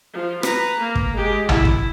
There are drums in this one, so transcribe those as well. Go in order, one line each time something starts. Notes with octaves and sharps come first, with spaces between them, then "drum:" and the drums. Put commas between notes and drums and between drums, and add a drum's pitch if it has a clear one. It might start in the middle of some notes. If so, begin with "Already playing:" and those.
F3
B4 A#5, drum: rim click
A#3
drum: kick
G#3 G4
E4, drum: tom
drum: kick